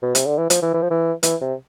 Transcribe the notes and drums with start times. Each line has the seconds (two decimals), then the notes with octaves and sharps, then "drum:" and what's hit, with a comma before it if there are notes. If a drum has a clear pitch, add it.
0.02 B2
0.15 C3, drum: hi-hat
0.26 D3
0.38 E3
0.50 F3, drum: hi-hat
0.62 E3
0.74 E3
0.82 F3
0.90 E3
1.23 E3, drum: hi-hat
1.41 C3